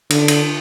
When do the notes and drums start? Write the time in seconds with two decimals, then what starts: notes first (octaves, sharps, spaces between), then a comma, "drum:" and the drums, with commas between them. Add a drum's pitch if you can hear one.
0.10 D3, drum: cymbal
0.28 drum: cymbal